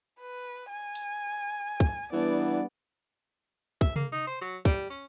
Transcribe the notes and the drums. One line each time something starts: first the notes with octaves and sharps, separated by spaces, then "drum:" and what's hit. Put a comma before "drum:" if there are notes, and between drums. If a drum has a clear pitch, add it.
B4
G#5
drum: hi-hat
drum: kick
E3 G3 B3 D4 D5
E5, drum: kick
A#3, drum: tom C3
D#4
C5
F#3
G3, drum: kick
C#4